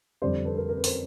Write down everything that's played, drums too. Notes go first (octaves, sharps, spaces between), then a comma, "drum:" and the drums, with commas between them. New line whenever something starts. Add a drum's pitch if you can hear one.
F2 D3 G3 C5 D5
A4 B4
A#4
A#4
B4
A#4 C5, drum: open hi-hat